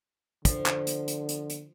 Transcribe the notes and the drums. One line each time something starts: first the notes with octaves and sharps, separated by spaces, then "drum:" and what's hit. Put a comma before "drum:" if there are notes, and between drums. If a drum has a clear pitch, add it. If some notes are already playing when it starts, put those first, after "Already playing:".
D3 F3, drum: kick, hi-hat
drum: clap
drum: hi-hat
drum: hi-hat
drum: hi-hat
drum: hi-hat